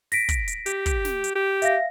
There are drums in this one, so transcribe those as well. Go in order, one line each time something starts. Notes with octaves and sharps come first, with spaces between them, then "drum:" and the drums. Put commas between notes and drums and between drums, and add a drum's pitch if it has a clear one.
A#6 B6 D7, drum: open hi-hat
drum: kick, hi-hat
drum: hi-hat
G4, drum: hi-hat
drum: kick, hi-hat
drum: snare
drum: hi-hat
G4
E5 F5 A#6, drum: hi-hat